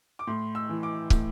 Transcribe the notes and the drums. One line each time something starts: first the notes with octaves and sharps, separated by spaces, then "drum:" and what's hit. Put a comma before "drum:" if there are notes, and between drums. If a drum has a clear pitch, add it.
D6
A2 C6
E6
E3
D6
A2, drum: kick